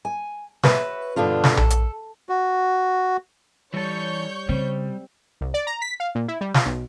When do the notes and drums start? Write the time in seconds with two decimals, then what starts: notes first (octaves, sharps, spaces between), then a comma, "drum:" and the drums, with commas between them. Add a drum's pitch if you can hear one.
0.05 G#5
0.63 F#4 B4 C#5 E5, drum: snare
1.16 G2 B2 D3 B3 D4 F4
1.44 drum: snare
1.57 A4, drum: tom A#1
1.70 drum: hi-hat
2.29 F#4
3.74 E3 G3 A4 C#5 C#6 G6
4.49 C#3 G3 C4
5.41 C2
5.54 D5
5.67 A#5
5.82 B6
6.00 F5
6.15 A#2
6.28 E4
6.41 G3
6.54 F4, drum: snare
6.66 B1